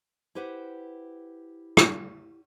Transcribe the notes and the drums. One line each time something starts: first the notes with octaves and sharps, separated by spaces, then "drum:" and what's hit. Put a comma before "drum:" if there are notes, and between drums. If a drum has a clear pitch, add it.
E4 G4 B4 C5 F#5
drum: rim click